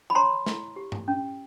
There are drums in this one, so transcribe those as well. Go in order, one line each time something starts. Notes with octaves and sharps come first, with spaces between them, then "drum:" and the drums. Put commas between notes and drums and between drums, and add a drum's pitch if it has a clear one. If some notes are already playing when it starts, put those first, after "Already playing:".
B5
C#5 A#5 C6
E4, drum: snare
G4
drum: tom G2
C#4